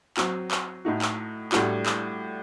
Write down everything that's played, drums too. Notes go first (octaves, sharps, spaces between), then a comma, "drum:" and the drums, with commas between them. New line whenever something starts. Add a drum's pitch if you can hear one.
F#3 C4 F#4, drum: clap
drum: clap
A2 A3 D#4 F#4
drum: clap
A2 G3 D4 F#4, drum: clap
drum: clap